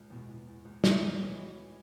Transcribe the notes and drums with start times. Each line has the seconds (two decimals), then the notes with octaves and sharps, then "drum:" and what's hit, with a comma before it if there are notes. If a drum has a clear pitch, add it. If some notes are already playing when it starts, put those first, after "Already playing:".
Already playing: C#2
0.10 E2 B2
0.29 E2
0.47 E2
0.65 C#2
0.84 C#2, drum: snare
1.01 C#2
1.20 B2 E3 C#5
1.38 F#4
1.56 A2